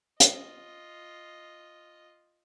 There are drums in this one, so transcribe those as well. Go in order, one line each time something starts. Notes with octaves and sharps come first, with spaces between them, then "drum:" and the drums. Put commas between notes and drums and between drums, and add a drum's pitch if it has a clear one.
F4 D#5, drum: hi-hat